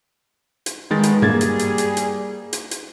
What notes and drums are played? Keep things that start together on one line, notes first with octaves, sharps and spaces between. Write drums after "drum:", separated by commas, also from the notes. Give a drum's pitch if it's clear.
drum: hi-hat
F2 A2 D#3 G#3 B3 A6
drum: hi-hat
G3 A#3 G#4 G#6 A6, drum: tom G2
drum: hi-hat
drum: hi-hat
drum: hi-hat
drum: hi-hat
drum: hi-hat
drum: hi-hat